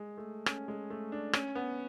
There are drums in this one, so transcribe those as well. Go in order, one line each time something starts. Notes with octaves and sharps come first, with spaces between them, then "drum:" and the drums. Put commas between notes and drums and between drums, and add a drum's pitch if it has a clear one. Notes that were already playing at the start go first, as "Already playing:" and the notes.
Already playing: G#3
A3
C#4, drum: rim click
G#3
A3
D4
C#4, drum: rim click
B3